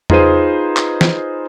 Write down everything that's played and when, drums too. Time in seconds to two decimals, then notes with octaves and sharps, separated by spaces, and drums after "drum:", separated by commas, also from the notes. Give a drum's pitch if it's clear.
0.10 D#4 F4 G#4 B4 C5 D#7, drum: tom E2
0.77 drum: clap
1.01 drum: snare